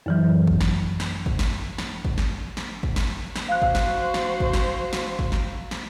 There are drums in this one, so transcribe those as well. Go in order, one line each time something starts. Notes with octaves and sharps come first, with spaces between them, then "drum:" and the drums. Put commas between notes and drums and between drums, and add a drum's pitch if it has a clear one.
F#2 E3 F#3
drum: kick
drum: snare
drum: snare
drum: kick
drum: snare
drum: snare
drum: kick
drum: snare
drum: snare
drum: kick
drum: snare
drum: snare
F#4 C5 F5 F#6
drum: kick
drum: snare
drum: snare
drum: kick
drum: snare
drum: snare
drum: kick
drum: snare
drum: snare